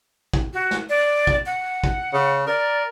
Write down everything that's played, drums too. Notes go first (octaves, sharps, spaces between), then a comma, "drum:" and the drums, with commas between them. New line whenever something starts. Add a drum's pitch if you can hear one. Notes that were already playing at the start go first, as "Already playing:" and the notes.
drum: kick
F#4
drum: snare
D5
drum: kick
F#5
drum: kick
C#3
A#4 D5